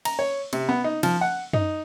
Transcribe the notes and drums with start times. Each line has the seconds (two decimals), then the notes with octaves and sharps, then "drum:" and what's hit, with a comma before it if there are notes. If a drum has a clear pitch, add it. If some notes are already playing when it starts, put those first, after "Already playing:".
0.05 A#5, drum: cymbal
0.19 C#5
0.53 C3, drum: cymbal
0.69 B3
0.84 D#4
1.03 F3, drum: cymbal
1.21 F#5
1.53 D#4, drum: tom F#2